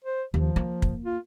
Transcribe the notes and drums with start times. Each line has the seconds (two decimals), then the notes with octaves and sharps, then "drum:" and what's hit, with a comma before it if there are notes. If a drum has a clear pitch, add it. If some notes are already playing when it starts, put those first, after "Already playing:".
0.04 C5
0.34 D#2 F3
0.56 A#3
0.82 drum: kick
1.04 F4